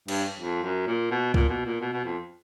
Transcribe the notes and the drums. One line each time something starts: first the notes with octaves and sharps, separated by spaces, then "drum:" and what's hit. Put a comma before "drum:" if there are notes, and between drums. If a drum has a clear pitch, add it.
G2, drum: cymbal
F2
F#2
A#2
B2
A#2, drum: kick
B2
A#2
B2
B2
F2